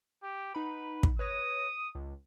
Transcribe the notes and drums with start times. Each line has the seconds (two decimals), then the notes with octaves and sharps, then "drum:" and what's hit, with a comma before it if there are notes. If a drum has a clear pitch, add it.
0.23 G4
0.55 D#4 B4 F#5 B5
1.03 drum: kick
1.19 B4 C#5 D#6 A#6
1.95 C#2